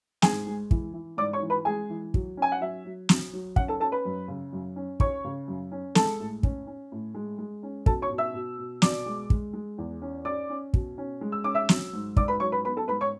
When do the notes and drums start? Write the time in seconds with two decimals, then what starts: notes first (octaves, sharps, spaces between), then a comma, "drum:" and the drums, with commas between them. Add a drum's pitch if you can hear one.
0.22 G#2 G#4 G#5, drum: snare
0.47 G#3
0.71 E3, drum: kick
0.94 E3
1.17 G#2 D5 D6
1.33 C#5 C#6
1.42 E3
1.50 B4 B5
1.65 G#3 G#4 G#5
1.90 E3
2.14 F#3, drum: kick
2.37 C#4 G#5
2.52 F#5
2.61 F#3 E5
2.85 F#3
3.09 F#3, drum: snare
3.33 F#3
3.56 C#4 F#5, drum: kick
3.68 A4 A5
3.80 C#4 A4 A5
3.92 B4 B5
4.05 F#2
4.28 C#3
4.53 F#2
4.76 C#4
5.00 C#4 C#5 C#6, drum: kick
5.25 C#3
5.48 F#2
5.72 C#4
5.95 G#3 A4 A5, drum: snare
6.20 A2
6.43 C#4, drum: kick
6.67 C#4
6.92 A2
7.15 G#3
7.38 G#3
7.63 C#4
7.86 B2 A4 A5, drum: kick
8.02 C#5 C#6
8.11 B2
8.18 E5 E6
8.34 B2
8.58 B2
8.82 B2 D5 D6, drum: snare
9.06 G#3
9.30 G#3, drum: kick
9.53 G#3
9.78 E2
10.02 C#4
10.25 C#4 D5 D6
10.50 C#4
10.74 B2, drum: kick
10.98 C#4
11.21 G#3
11.32 E6
11.44 C#4 D6
11.55 E5 E6
11.69 F#3, drum: snare
11.93 G#2
12.16 G#2 D5 D6, drum: kick
12.28 B4 B5
12.40 F#3 C#5 C#6
12.52 B4 B5
12.64 B3 B4 B5
12.77 A4 A5
12.88 G#2 B4 B5
13.01 C#5 C#6